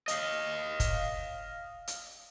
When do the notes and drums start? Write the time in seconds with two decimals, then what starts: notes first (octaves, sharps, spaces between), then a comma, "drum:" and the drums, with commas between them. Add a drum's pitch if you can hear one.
0.08 D#5 F5, drum: hi-hat
0.80 drum: kick, hi-hat
1.88 drum: hi-hat